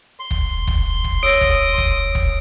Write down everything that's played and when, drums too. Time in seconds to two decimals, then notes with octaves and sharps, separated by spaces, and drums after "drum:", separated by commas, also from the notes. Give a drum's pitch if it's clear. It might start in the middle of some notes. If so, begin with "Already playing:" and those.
0.19 C6
0.31 drum: kick
0.67 drum: kick
1.04 drum: kick
1.23 C#5 D#6 E6 A#6 D7
1.41 drum: kick
1.78 drum: kick
2.15 drum: kick